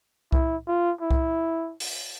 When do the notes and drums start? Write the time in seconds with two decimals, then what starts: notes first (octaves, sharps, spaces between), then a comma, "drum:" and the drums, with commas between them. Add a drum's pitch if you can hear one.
0.32 E4, drum: kick C2
0.68 F4
1.01 E4
1.11 drum: kick C2
1.80 drum: open hi-hat